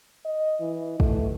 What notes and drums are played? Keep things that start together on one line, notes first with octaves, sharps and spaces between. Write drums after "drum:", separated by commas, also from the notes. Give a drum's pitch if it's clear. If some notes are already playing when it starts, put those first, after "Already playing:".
D#5
E3
A3, drum: kick